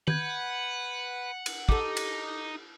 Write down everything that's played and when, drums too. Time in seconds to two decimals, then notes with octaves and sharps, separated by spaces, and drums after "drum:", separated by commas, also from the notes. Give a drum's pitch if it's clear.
0.08 B4 F#5 G6 G#6, drum: tom
1.46 drum: cymbal
1.69 D#4 G4 A4 D6, drum: kick
1.97 drum: cymbal